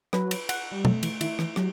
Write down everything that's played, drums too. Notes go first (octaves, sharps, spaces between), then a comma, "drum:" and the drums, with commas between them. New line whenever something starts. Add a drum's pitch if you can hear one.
F#3 B4, drum: rim click
drum: cymbal
F#5, drum: cymbal
G3
F#3 A3, drum: tom B2
E3, drum: cymbal
D#3 E4, drum: cymbal
E3, drum: rim click
F#3 G4, drum: rim click